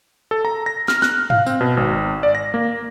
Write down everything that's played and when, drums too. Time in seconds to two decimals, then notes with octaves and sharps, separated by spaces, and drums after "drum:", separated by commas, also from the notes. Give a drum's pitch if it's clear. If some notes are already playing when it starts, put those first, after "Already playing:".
0.31 A4
0.45 A#5
0.66 A#6
0.88 F6, drum: snare
1.02 F#6, drum: snare
1.30 F5, drum: tom G2
1.46 C4, drum: tambourine
1.61 B2
1.77 G#1
2.23 D5
2.35 A#6
2.54 A#3